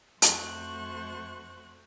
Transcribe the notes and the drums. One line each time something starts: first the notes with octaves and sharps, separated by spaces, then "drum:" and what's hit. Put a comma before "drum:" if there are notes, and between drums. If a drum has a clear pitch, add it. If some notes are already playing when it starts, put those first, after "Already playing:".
F2 A3 F#4 C5 C#6 F#6, drum: hi-hat